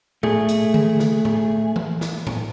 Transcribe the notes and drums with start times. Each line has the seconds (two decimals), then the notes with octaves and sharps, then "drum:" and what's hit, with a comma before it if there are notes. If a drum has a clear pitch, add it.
0.23 A3 G#4, drum: tom A2
0.49 drum: hi-hat
0.74 drum: tom D3
0.99 drum: snare
1.25 drum: tom A2
1.76 drum: tom E3
2.01 drum: snare
2.27 drum: tom A2